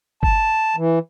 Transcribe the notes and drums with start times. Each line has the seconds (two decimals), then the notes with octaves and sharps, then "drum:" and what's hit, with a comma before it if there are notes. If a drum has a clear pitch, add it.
0.23 A5, drum: kick G1
0.77 E3